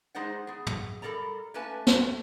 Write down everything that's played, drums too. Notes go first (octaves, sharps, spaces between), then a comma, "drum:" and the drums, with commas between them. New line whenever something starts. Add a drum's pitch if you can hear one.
G#3 D#4 G#4 C5 D5 F#5
B3 G#4
drum: tom
G3 A#3 A4 A#4 D5 A#5
A3 A#3 C#4 B4 G#5 A5
drum: snare